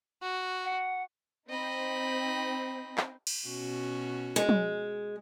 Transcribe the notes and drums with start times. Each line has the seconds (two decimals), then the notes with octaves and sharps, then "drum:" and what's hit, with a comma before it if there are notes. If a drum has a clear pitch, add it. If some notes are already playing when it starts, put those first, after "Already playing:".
0.22 F#4
0.64 F#5
1.50 C4 D#4 D#5 B5
2.98 drum: clap
3.27 drum: cymbal
3.48 B2 C#4 F#4
4.36 G#3
4.49 drum: tom